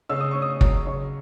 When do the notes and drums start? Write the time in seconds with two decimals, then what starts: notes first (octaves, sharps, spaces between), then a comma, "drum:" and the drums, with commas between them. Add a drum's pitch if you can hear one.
0.09 C#3 E6
0.21 D#6
0.31 C#4 C#6
0.42 D#6
0.61 F#3, drum: kick
0.87 C#3 C#6